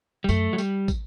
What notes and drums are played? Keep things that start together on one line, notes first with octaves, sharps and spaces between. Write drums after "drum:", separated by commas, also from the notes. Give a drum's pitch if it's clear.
G3
F#2 A3, drum: tambourine
F#3
G3, drum: tambourine
drum: kick, tambourine